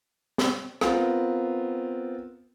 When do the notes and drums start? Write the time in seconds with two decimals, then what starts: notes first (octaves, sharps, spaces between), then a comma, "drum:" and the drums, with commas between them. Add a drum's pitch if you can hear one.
0.38 drum: snare
0.81 B3 C4 F4 A#4, drum: rim click